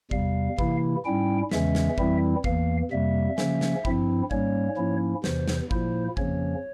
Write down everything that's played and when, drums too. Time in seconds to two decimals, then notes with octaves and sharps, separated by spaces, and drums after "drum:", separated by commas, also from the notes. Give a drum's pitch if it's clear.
0.11 E2 C3 G3 F5, drum: kick G#1
0.59 C3 E3 A#3 E4, drum: kick G#1
1.05 G#2 G3 C#4 E4 G5
1.51 E2 C#3 E3 G#3 C#4 E5, drum: snare
1.75 drum: snare
1.98 F2 E3 G3 C4 E4, drum: kick G#1
2.44 E2 E3 A#3 F5, drum: kick G#1
2.91 F2 C3 G3 A#3 E5
3.38 C#3 F3 A#3 C#4, drum: snare
3.61 drum: snare
3.85 G2 F3 C4 E4, drum: kick G#1
4.31 G#2 G3 A#3 C#4 C#5, drum: kick G#1
4.77 G#2 F3 A#3 C#4 E4
5.24 E2 C3 E3 C5, drum: snare
5.48 drum: snare
5.71 A#2 F3 A#3 E4 C5, drum: kick G#1
6.17 F2 C#3 F3 A#3 C#4 C#5, drum: kick G#1